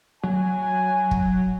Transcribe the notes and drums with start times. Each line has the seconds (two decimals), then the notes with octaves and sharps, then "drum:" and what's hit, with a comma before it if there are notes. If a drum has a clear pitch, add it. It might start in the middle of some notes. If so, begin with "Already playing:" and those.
0.24 F#3 G#5
1.11 drum: kick